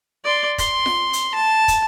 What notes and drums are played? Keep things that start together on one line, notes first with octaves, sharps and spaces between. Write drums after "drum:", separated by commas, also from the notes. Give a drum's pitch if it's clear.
D5 C6
C6, drum: kick, hi-hat
drum: snare F4
drum: hi-hat
A5
drum: kick, hi-hat